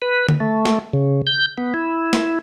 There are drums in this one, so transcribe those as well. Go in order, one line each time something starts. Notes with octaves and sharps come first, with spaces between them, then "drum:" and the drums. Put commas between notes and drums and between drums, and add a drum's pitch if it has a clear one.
B4
drum: tom D3
A3
drum: snare
C#3
G6
B3
E4
drum: snare